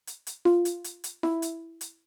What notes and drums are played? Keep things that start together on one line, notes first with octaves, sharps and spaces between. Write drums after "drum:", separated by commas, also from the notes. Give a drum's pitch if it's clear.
drum: hi-hat
drum: hi-hat
F4, drum: snare F4
drum: hi-hat
drum: hi-hat
drum: hi-hat
E4, drum: snare F4
drum: hi-hat
drum: hi-hat